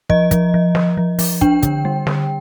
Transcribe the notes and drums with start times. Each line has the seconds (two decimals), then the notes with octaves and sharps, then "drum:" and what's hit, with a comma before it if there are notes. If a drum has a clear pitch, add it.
0.10 F3 D#5, drum: kick
0.31 F3, drum: kick, hi-hat
0.54 F3
0.75 F3, drum: snare
0.97 F3
1.19 F3, drum: open hi-hat
1.41 D4 G5, drum: kick
1.63 D3, drum: kick, hi-hat
1.85 G3
2.07 D3, drum: snare